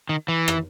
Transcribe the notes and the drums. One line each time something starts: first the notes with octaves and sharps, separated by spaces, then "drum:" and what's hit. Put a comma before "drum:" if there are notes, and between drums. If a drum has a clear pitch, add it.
D#3
E3
drum: rim click